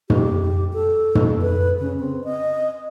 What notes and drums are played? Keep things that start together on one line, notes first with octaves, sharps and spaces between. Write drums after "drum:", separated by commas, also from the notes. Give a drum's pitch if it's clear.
G4, drum: tom
A4
drum: tom
B4
C#3
C4
D#5